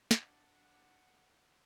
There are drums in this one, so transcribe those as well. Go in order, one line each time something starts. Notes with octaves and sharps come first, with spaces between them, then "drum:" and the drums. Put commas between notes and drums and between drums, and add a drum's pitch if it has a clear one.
D4 F#5, drum: snare